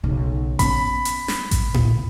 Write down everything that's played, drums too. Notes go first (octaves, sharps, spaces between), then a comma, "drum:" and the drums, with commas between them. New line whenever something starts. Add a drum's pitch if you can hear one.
B1 C#3
B3 C#4 B5, drum: kick A1, hi-hat
drum: hi-hat
drum: snare
drum: kick A1, hi-hat
drum: tom A2